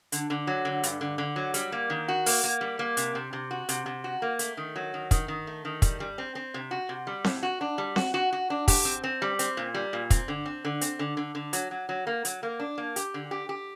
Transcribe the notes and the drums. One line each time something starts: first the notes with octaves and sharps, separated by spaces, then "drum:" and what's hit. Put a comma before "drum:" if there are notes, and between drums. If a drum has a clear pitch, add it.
D3, drum: hi-hat
D3
F#3
D3
G2, drum: hi-hat
D3
D3
F#3
G3, drum: hi-hat
A#3
D#3
F#4
A#3, drum: open hi-hat
A#3
G3
A#3
C3, drum: hi-hat
C3
C3
F#4
C3, drum: hi-hat
C3
F#4
A#3
A3, drum: hi-hat
D#3
F#3
D#3
D#3, drum: kick, hi-hat
D#3
A3
D#3
G3, drum: kick, hi-hat
G3
C4
C4
C3
F#4
C3
G3
A2, drum: snare C4
F#4
D4
G3
F#4, drum: snare C4
F#4
F#4
D4
G4, drum: kick, open hi-hat
C4
C4
G3
C4, drum: hi-hat
A#2
G3
A#2
C4, drum: kick, hi-hat
D3
C4
D3
C4, drum: hi-hat
D3
D3
D3
F#3, drum: hi-hat
F#3
F#3
A#3
F#3, drum: hi-hat
A#3
D4
A#3
G4, drum: hi-hat
D3
G4
G4